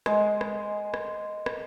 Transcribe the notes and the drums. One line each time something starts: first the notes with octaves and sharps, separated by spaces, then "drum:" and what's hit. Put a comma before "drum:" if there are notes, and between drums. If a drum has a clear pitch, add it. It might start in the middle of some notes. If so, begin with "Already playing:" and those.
G#3, drum: rim click
drum: rim click
drum: rim click
drum: rim click